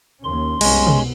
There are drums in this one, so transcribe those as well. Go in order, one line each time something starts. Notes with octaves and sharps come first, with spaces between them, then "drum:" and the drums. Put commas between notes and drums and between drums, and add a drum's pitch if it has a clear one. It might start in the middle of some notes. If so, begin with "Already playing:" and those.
D#2 C#4 C6
C2 F#2 G#3 B3 C#4, drum: cymbal
drum: tom